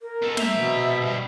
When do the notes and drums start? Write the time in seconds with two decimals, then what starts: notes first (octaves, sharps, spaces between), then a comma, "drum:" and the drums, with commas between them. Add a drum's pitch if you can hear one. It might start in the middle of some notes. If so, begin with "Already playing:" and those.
0.01 A#4
0.22 B2 A4
0.37 C5 E5 A#5, drum: snare
0.57 B2
1.01 D2 G2